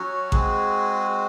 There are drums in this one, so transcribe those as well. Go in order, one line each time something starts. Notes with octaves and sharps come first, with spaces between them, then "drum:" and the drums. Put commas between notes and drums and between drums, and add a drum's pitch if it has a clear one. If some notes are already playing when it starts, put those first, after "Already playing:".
Already playing: F#3 C#4 F#4
G#3 C4 F#4 G#4, drum: kick A1